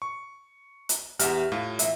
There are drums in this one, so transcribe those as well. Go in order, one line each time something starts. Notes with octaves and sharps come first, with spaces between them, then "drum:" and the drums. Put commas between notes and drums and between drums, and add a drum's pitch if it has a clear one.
C#6
drum: hi-hat
E2 F#4 G4 E5 F6, drum: hi-hat
A2 F4
E2 E5, drum: hi-hat